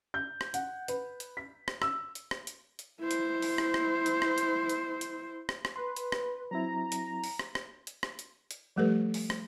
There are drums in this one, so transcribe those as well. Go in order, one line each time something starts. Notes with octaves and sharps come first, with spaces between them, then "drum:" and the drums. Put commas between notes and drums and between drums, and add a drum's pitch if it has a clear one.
G6
drum: rim click
F#5, drum: hi-hat
B4, drum: hi-hat
drum: hi-hat
B6
drum: rim click
E6, drum: rim click
drum: hi-hat
drum: rim click
drum: hi-hat
drum: hi-hat
E4 C5
drum: hi-hat
drum: open hi-hat
drum: rim click
drum: rim click
drum: hi-hat
drum: rim click
drum: hi-hat
drum: hi-hat
drum: hi-hat
drum: rim click
drum: rim click
B4 C6
drum: hi-hat
drum: rim click
F#3 C4 E4 A#5
drum: hi-hat
drum: open hi-hat
drum: rim click
drum: rim click
drum: hi-hat
drum: rim click
drum: hi-hat
drum: hi-hat
F3 G3 A3 G4 A4 B4
drum: open hi-hat
drum: rim click